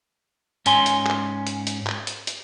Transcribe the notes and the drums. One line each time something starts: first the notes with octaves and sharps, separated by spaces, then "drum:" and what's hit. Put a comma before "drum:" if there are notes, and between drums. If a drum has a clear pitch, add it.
G#2 C#4 G#5 C6, drum: hi-hat
drum: hi-hat
drum: clap
drum: hi-hat
drum: hi-hat
drum: clap
drum: hi-hat
drum: hi-hat